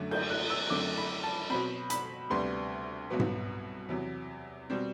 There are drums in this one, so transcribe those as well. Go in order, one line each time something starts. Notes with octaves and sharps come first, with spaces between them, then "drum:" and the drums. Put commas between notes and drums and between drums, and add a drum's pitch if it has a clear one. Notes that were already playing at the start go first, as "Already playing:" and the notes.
Already playing: F#2 D3 A3
G6, drum: cymbal
F#6
E6
F#2 D3 A3 C4 D6
B5
A5
B2 F#3 C4 B5
B5, drum: hi-hat
D2 C3 G3 B3 C6
C2 B2 F#3 B3
drum: tom G#2
E2 C3 F#3
B2 G3 C4